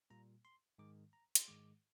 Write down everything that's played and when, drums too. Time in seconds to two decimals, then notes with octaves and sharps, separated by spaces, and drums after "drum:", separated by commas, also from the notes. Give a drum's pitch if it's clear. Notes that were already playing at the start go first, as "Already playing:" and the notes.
0.10 A#2 G3 A#3 A#5
0.45 C6
0.78 G#2 D#3 G#3 D6
1.13 A#5
1.35 C6, drum: hi-hat
1.48 G#2 D#3 G#3 D6